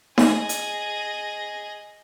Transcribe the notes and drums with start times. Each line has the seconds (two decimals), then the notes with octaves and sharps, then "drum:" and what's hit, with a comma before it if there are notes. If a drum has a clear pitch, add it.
0.18 G#4 D#5, drum: snare D#4
0.49 drum: hi-hat